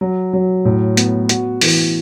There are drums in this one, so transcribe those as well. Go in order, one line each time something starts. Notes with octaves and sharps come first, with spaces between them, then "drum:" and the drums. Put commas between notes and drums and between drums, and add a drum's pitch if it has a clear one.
F#3
F#3
A2
B3, drum: hi-hat
F#4, drum: hi-hat
E3, drum: open hi-hat